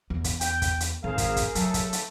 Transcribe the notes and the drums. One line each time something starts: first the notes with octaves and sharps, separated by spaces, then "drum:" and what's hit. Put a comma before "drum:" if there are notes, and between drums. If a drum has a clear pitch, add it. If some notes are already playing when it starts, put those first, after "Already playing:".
E2
drum: kick, hi-hat
G5, drum: hi-hat
drum: kick, hi-hat
drum: hi-hat
G#1 G#4 A#4 C5 F5
drum: kick, hi-hat
drum: kick, hi-hat
F#3 A3 A4, drum: hi-hat
drum: kick, hi-hat
drum: hi-hat